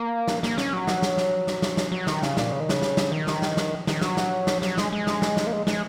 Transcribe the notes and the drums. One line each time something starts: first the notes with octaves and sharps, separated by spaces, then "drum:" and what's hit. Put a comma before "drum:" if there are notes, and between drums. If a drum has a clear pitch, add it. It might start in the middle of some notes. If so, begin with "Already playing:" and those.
Already playing: A#3
drum: snare
A#3, drum: snare
C#4, drum: snare
F#3
drum: snare
drum: snare
drum: snare
drum: snare
drum: snare
drum: snare
F#3
D#3, drum: snare
C#3, drum: snare
A#2, drum: snare
C#3
D#3
C#3, drum: snare
drum: snare
drum: snare
D#3
drum: snare
drum: snare
drum: snare
D#3, drum: snare
F#3, drum: snare
drum: snare
drum: snare
F#3, drum: snare
G#3, drum: snare
G#3
drum: snare
drum: snare
drum: snare
A#3
G#3
G#3, drum: snare